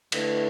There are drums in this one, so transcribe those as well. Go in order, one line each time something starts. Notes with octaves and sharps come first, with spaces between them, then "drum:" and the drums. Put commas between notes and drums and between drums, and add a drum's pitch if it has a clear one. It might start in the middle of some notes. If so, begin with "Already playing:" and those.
D3 A3 E4 B4, drum: cymbal